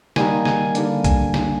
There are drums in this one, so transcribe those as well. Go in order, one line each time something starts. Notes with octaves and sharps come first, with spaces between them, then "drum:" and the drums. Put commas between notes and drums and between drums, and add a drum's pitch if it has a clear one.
D#3 G3 A#3 D#4 G#5, drum: snare
G#5, drum: snare
D3 G3 A#3 D4, drum: hi-hat
G#5, drum: kick B1, hi-hat
drum: snare